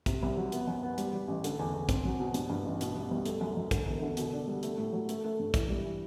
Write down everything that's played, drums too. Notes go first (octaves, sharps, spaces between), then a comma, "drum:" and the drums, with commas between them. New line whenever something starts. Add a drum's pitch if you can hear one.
C3, drum: kick, hi-hat
C2
F#3
B3, drum: hi-hat
F#2
B3
G3, drum: hi-hat
G3
A1
D3, drum: hi-hat
E2
E2
C4, drum: kick, hi-hat
F#3
B2
G2, drum: hi-hat
G2
A1
B2, drum: hi-hat
C2
C2
A3, drum: hi-hat
F#2
F#2
D3, drum: kick, hi-hat
E1
D3
B2, drum: hi-hat
D4
G3
A3, drum: hi-hat
A2
F#3
A3, drum: hi-hat
A3
G2
E3, drum: kick, hi-hat
G3
E3